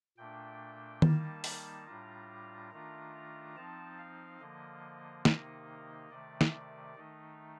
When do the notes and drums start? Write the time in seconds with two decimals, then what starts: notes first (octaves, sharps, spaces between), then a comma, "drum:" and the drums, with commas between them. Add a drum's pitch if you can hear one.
0.17 A#2 A3 D4 G5
1.02 D#3 G3 A#3 D#4 A5, drum: tom D#3
1.44 drum: open hi-hat
1.86 A2 G3 D4 F4 A#5
2.71 D#3 A3 D4 F4
3.56 F3 C4 D#4 A5
3.98 F5
4.40 D3 F3 A#3 D#5
5.25 C3 D#3 A#3 D#4 D#5, drum: snare
6.10 C3 D#3 A3 D5
6.41 drum: snare
6.95 D#3 A3 D#4